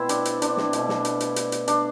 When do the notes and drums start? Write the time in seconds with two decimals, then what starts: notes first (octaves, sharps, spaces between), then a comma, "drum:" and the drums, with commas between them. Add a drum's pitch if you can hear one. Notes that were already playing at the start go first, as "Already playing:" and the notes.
Already playing: B2 A3 C4 E4
0.09 D4, drum: hi-hat
0.25 drum: hi-hat
0.42 D4, drum: hi-hat
0.57 drum: snare
0.73 B2 A3, drum: hi-hat
0.89 drum: snare
1.05 drum: hi-hat
1.20 drum: hi-hat
1.36 drum: hi-hat
1.52 drum: hi-hat
1.68 D4, drum: hi-hat